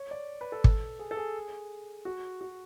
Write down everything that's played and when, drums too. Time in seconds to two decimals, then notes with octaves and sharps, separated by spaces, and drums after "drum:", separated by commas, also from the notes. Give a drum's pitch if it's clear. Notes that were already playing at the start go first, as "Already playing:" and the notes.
Already playing: C#5
0.11 D5
0.41 B4
0.52 A4
0.64 drum: kick
0.99 G#4
1.11 A4
1.17 G#4
2.05 F#4
2.41 F#4